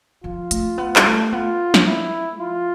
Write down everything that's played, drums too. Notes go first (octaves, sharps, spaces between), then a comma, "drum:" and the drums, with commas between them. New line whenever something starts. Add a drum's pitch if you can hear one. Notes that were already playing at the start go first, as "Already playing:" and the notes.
F3 F4
A3, drum: hi-hat
B3
G3, drum: clap
A3
B3 F4
drum: snare
E4
F3 F4